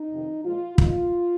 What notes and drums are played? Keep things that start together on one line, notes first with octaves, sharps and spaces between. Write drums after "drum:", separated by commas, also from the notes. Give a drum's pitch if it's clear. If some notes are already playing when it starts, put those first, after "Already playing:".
Already playing: D#4
F2 C3 D#3
A#2 F3 G#3 F4
A#2 A#3 D#4 F4, drum: kick